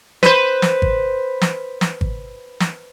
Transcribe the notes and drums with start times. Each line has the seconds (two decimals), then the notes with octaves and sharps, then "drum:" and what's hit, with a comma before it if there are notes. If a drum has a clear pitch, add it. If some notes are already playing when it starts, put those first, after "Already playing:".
0.23 B4 C5, drum: snare
0.62 drum: snare
0.82 drum: kick G#1
1.41 drum: snare
1.81 drum: snare
2.01 drum: kick G#1
2.60 drum: snare